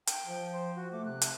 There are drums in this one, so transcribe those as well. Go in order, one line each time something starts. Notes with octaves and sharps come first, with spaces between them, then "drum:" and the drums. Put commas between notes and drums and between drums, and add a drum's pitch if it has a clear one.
G5, drum: hi-hat
F3
C5
F#4
A3 D6
C3 F#6
drum: hi-hat